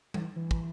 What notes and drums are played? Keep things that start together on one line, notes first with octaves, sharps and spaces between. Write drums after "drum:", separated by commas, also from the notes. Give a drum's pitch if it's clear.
E3, drum: tom G3
E3
drum: kick